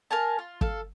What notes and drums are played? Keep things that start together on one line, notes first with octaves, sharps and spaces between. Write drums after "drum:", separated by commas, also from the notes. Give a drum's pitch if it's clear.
A#4 F5 G#5 A5
F4
A4 F5, drum: kick